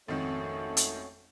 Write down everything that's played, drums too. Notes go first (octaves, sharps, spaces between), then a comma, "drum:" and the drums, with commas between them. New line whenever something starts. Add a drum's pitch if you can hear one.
G#1 F2 D#3 A3 C#4 F#4 C#5
drum: hi-hat